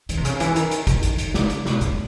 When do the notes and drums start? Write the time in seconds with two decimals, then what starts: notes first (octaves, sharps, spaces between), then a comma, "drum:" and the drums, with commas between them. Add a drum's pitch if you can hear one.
0.09 E3, drum: hi-hat
0.17 C3
0.25 C#3, drum: hi-hat
0.40 E3, drum: hi-hat
0.56 D#3, drum: hi-hat
0.71 drum: hi-hat
0.87 drum: kick, hi-hat
1.03 drum: hi-hat
1.18 drum: hi-hat
1.34 C#3, drum: snare
1.50 drum: hi-hat
1.66 B2, drum: snare
1.81 A2, drum: hi-hat